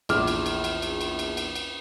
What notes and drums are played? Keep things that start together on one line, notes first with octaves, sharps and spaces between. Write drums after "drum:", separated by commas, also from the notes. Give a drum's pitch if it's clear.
A#1 E2 D6 F6, drum: cymbal
drum: cymbal
drum: cymbal
drum: cymbal
drum: cymbal
drum: cymbal
drum: cymbal
drum: cymbal
drum: cymbal